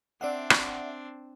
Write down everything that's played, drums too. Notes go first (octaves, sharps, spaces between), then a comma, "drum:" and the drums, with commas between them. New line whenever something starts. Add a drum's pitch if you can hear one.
C4 D4 D5 E5 F#5
drum: rim click